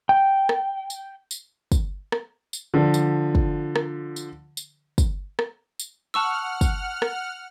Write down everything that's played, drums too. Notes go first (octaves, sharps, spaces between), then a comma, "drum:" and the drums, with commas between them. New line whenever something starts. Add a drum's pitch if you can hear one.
G5
drum: rim click
drum: tambourine
drum: tambourine
drum: kick, tambourine
drum: rim click
drum: tambourine
D3 F3
drum: tambourine
drum: kick
drum: rim click
drum: tambourine
drum: tambourine
drum: kick, tambourine
drum: rim click
drum: tambourine
F#5 A5 C#6 E6 F6
drum: kick, tambourine
drum: rim click